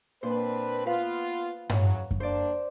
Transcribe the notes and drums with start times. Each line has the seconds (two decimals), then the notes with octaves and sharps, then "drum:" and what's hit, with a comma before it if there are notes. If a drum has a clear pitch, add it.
0.23 A#2 C4 D4 B4 C5
0.86 B3 F4 B4 F5
1.70 C#3 E3 F#3, drum: tom G2
2.11 drum: kick F#2
2.20 G3 A#3 D4 C5 D5